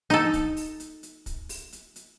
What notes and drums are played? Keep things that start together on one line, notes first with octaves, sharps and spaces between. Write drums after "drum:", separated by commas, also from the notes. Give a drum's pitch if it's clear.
D#4 A4, drum: hi-hat
drum: kick, hi-hat
drum: open hi-hat
drum: hi-hat
drum: hi-hat
drum: kick, hi-hat
drum: open hi-hat
drum: hi-hat
drum: hi-hat